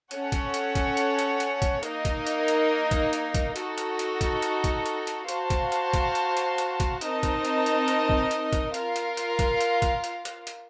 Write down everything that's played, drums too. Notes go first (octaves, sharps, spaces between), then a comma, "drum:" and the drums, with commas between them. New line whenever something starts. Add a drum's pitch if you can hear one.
C#4 A4 C#5 F#5, drum: hi-hat
drum: kick, hi-hat
drum: hi-hat
drum: kick, hi-hat
drum: hi-hat
drum: hi-hat
drum: hi-hat
drum: kick, hi-hat
A#3 D#4 A#4 D#5, drum: hi-hat
drum: kick, hi-hat
drum: hi-hat
drum: hi-hat
drum: kick, hi-hat
drum: hi-hat
drum: kick, hi-hat
D#4 F#4 A4, drum: hi-hat
drum: hi-hat
drum: hi-hat
drum: kick, hi-hat
drum: hi-hat
drum: kick, hi-hat
drum: hi-hat
drum: hi-hat
F#4 C5 F5 A5, drum: hi-hat
drum: kick, hi-hat
drum: hi-hat
drum: kick, hi-hat
drum: hi-hat
drum: hi-hat
drum: hi-hat
drum: kick, hi-hat
C4 D#4 A#4 D#5 A5, drum: hi-hat
drum: kick, hi-hat
drum: hi-hat
drum: hi-hat
drum: hi-hat
drum: kick
drum: hi-hat
drum: kick, hi-hat
F4 A#4 F5, drum: hi-hat
drum: hi-hat
drum: hi-hat
drum: kick, hi-hat
drum: hi-hat
drum: kick, hi-hat
drum: hi-hat
drum: hi-hat
drum: hi-hat